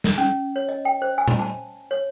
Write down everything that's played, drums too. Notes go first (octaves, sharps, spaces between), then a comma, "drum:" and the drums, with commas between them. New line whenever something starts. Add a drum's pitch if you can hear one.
drum: snare
C#4
C#5
D#5
G5
C5
G#5
drum: tom A#2
A5
C#5